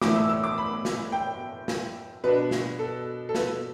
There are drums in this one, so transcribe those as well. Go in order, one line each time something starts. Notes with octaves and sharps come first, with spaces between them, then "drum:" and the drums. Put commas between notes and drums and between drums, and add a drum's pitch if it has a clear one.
A2 E3 A3 D6, drum: snare
E6
E6
D6
B5
drum: snare
G5
drum: snare
B2 B3 D4 B4
drum: snare
A4
A4
B4, drum: snare